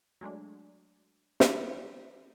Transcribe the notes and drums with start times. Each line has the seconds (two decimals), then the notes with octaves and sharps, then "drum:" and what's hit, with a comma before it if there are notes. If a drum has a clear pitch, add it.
0.21 F#3 G#3 A3 D4
1.40 drum: snare